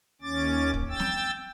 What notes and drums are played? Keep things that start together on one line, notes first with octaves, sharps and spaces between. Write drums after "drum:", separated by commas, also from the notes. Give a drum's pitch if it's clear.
D#2 C#4 D6 A6
drum: kick
G5 E6 A6
drum: snare